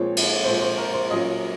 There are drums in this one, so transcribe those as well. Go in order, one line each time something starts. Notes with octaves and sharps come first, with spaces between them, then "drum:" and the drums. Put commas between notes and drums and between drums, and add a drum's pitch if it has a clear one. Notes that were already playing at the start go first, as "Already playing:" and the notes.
Already playing: A#2 F3 G#3 C4 C#5
drum: cymbal
A#2 F3 G#3 C4 C5
C5
A#4
C5
A#2 F#3 C#4 F4 D#5